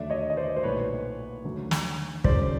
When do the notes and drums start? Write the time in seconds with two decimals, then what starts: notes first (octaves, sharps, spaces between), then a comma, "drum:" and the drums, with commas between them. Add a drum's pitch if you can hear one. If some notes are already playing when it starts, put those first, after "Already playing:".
Already playing: D#2 D3 F#3 A3 D5 E5
0.10 C#5 D#5
0.30 D#5
0.37 C5 D5
0.56 C5
0.63 B1 A#2 F#3 A3 B4 C#5
1.44 D#2 D3 F#3 A3
1.71 drum: snare
2.24 F#1 F#2 D#3 G#3 C5 D5, drum: kick